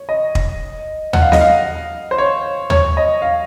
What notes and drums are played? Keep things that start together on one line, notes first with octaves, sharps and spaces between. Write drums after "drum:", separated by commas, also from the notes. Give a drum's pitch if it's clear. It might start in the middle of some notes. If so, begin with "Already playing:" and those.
Already playing: C#5
D#5
drum: kick
F#5, drum: tom D#2
F5
D#5, drum: snare
F5
C5
C#5
C#5, drum: tom D#2
D#5
F5